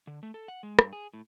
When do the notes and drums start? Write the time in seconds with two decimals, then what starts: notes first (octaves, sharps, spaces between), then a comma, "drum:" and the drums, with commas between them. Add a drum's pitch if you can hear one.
0.07 D3
0.23 A3
0.34 A4
0.48 F#5
0.63 G#3
0.79 G2, drum: rim click
0.93 G#4
1.14 A2